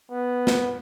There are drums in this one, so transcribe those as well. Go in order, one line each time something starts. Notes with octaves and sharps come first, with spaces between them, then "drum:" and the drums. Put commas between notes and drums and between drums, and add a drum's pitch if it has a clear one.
B3
drum: snare